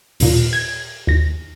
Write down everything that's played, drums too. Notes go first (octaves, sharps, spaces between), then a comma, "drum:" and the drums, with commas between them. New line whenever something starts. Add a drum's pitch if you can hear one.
D#2 A#2, drum: open hi-hat
G#6
D#2 A#6